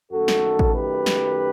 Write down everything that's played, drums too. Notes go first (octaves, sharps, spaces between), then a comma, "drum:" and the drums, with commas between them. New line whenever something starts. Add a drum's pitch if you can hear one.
F#2 D#3 A3 F#4 A4
drum: snare
drum: kick A1
G4 B4
drum: snare